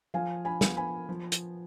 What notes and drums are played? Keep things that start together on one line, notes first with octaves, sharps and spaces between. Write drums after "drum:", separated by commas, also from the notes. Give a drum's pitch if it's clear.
F3 F5 G#5
G#5 B5
B3, drum: snare
G#5 B5
F3
drum: hi-hat